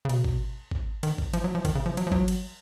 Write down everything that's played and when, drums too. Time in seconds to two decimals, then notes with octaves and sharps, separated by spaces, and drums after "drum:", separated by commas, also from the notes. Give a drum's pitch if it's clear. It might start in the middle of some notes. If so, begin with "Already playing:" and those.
0.05 C#3
0.09 B2, drum: cymbal
0.24 drum: kick G#1
0.71 drum: kick G#1
1.03 D#3, drum: cymbal
1.18 drum: kick G#1
1.33 F3, drum: cymbal
1.44 F#3
1.55 F3
1.65 D#3, drum: kick G#1, cymbal
1.75 C#3
1.86 F3
1.97 F#3, drum: cymbal
2.07 F3
2.12 F#3, drum: kick G#1
2.28 drum: cymbal